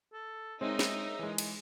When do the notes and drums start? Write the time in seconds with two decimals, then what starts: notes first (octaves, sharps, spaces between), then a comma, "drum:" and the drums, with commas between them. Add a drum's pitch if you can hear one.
0.13 A4
0.61 G#3 C4 D#4 G#4 A#4 C#5 E5
0.79 drum: snare
1.19 E3 G#3
1.38 drum: cymbal